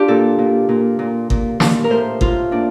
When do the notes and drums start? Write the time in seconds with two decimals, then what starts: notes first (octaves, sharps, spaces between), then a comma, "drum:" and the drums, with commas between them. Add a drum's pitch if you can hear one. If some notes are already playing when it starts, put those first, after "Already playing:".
Already playing: D4 F4 G4
0.08 A#2 A4
0.39 A#2
0.69 A#2
0.99 A#2
1.30 A#2, drum: kick G1
1.60 A#2, drum: snare
1.84 A#4
1.90 A2 C5
2.21 A2 F4, drum: kick G1
2.51 A#2 D4